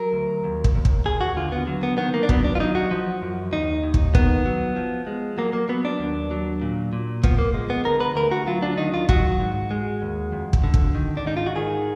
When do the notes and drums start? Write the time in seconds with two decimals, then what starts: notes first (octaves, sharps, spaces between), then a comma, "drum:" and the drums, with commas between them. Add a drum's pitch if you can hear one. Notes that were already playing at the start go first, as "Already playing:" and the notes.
Already playing: F#3 A#4
0.13 D2
0.44 D#2
0.64 drum: kick
0.75 D#2
0.85 drum: kick
1.05 D#2 G#4
1.21 F#4
1.36 D3 F4
1.52 B3
1.67 F#3
1.83 B3
1.98 D#3 B3
2.14 A#3
2.23 D4
2.29 F#3 B3, drum: kick
2.44 D4
2.55 F4
2.60 F#3 D#4
2.75 F#4
2.91 F3
3.22 F#2
3.53 D#2 D#4
3.84 D#2
3.94 drum: kick
4.15 D#3 B3, drum: kick
4.46 F#3
4.76 F3
5.07 G#3
5.38 F#3 A#3
5.53 A#3
5.69 F#3 B3
5.85 D4
6.00 D#2
6.31 F#3
6.62 A#2
6.93 A#2
7.23 F3 B3, drum: kick
7.38 A#3
7.54 G#3
7.70 B3
7.85 D3 A#4
8.00 B4
8.16 D2 A#4
8.32 F#4
8.47 F#3 F4
8.62 D4
8.78 D#3 D#4
8.94 F4
9.09 F#3 F#4, drum: kick
9.40 G#2
9.71 G#3
10.02 D#2
10.32 F2
10.53 drum: kick
10.64 D3
10.74 drum: kick
10.95 D#3
11.17 D4
11.25 G#2 D#4
11.37 F4
11.46 F#4
11.56 D#3 G#4